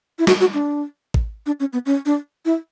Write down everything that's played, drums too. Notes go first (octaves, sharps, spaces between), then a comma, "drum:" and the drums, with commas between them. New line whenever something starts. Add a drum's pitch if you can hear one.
E4
F#4, drum: snare
F#4
D4
drum: kick
D4
C#4
B3
C#4
D4
E4